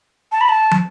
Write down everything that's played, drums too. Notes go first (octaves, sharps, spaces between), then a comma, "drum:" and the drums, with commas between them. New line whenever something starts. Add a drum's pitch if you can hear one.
A5
B5
A5
drum: tom